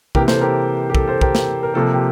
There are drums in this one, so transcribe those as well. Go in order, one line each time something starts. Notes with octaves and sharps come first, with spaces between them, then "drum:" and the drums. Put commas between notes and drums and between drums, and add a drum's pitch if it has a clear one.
C3 E3 A#3 G4 A#4, drum: kick
A4 C5, drum: snare
G4 A#4
G4
A4, drum: kick
A4 C5
G4 A#4, drum: kick
drum: snare
A#4
C3 F3 A#3 A4
G4